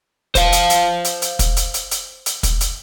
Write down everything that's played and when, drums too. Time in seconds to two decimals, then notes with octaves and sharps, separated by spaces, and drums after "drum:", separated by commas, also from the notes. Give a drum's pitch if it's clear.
0.35 C5 F5, drum: kick, hi-hat
0.52 drum: hi-hat
0.70 drum: hi-hat
1.04 drum: hi-hat
1.22 drum: hi-hat
1.39 drum: kick, hi-hat
1.57 drum: hi-hat
1.74 drum: hi-hat
1.91 drum: hi-hat
2.26 drum: hi-hat
2.43 drum: kick, hi-hat
2.61 drum: hi-hat